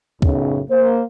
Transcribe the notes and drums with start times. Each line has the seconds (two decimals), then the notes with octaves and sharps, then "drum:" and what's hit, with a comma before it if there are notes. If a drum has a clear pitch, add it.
0.22 B1 F#2 A2 C#3, drum: kick
0.70 A#3 C5